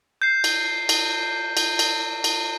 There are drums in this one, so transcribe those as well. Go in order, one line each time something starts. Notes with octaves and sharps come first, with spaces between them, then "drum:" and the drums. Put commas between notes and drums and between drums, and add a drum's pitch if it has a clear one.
G6 C7
drum: cymbal
drum: cymbal
drum: cymbal
drum: cymbal
drum: cymbal